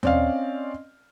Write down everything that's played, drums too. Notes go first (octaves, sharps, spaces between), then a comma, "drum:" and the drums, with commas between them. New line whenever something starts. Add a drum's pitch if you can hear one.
C4 C#4 D5 D#5 F5, drum: tom D#2